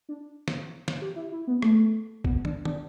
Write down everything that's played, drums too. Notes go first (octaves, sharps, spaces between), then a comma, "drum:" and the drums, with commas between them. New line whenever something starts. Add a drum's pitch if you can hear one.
D4
drum: snare
drum: snare
G4
E4
E4
B3
A3, drum: rim click
B3, drum: kick
D4, drum: tom
D4, drum: tom